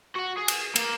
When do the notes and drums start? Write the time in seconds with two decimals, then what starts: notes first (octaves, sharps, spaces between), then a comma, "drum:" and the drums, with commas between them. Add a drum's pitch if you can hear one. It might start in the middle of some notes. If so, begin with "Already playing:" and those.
0.16 F#4 F#5
0.38 G#4
0.48 drum: cymbal
0.76 A#3, drum: cymbal